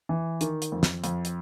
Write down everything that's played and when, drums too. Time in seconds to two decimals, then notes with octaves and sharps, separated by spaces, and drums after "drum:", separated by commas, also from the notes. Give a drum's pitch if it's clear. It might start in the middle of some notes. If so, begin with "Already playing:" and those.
0.09 E3
0.41 D#3, drum: hi-hat
0.62 drum: hi-hat
0.72 F2
0.83 drum: snare
1.04 F2, drum: hi-hat
1.25 drum: hi-hat